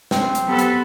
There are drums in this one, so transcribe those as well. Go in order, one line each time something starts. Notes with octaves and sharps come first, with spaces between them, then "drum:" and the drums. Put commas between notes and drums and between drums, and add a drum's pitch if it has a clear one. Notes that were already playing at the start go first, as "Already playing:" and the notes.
C4, drum: snare
drum: hi-hat
F#3 B3 G4 A4 B4 C6
drum: hi-hat